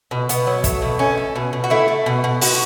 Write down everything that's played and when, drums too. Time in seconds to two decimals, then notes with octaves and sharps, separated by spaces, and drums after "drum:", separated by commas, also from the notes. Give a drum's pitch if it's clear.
0.11 B2
0.29 B2 B3, drum: hi-hat
0.47 F#3
0.64 A3, drum: kick, hi-hat
0.82 B2
0.99 A3 C#4
1.18 A3
1.36 B2
1.53 B2
1.64 F#4
1.70 A3 E4
1.88 A3
2.06 B2
2.24 B2
2.41 B2 F#4, drum: open hi-hat